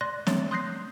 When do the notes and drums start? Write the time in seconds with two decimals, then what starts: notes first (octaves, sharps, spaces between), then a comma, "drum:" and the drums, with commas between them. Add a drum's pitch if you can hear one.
0.01 D5 C6 F#6 A#6
0.27 A3 C4 C#5 A6, drum: snare
0.51 C6 D#6 F#6 G6 A#6 C7